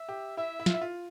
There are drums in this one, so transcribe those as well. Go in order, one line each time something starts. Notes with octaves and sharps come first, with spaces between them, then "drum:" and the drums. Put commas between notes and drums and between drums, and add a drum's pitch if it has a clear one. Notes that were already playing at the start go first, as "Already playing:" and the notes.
Already playing: E5
G4
E4 E5
E4
F4, drum: snare
E4
F4